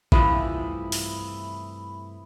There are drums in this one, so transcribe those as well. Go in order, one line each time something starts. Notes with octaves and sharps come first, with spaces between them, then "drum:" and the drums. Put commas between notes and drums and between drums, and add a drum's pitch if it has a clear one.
G2 C3 E3 F3 A3 E4 B5 D#6, drum: kick A1
drum: open hi-hat